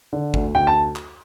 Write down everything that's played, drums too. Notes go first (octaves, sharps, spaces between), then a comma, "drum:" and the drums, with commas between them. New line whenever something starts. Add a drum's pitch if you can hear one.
D3
D2, drum: kick G1
D2 G5
A5
drum: clap